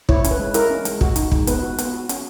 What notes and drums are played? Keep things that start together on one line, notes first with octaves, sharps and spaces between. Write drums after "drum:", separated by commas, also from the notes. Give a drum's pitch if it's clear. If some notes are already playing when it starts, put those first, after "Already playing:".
E4 C#5, drum: kick
C#4, drum: hi-hat
B4
G#3
E4 A#4, drum: hi-hat
C#4
G#3, drum: hi-hat
F#4, drum: kick
D#4, drum: hi-hat
G#3, drum: kick
B3 B4, drum: hi-hat
F#4
B3, drum: hi-hat
F#4
C#4, drum: hi-hat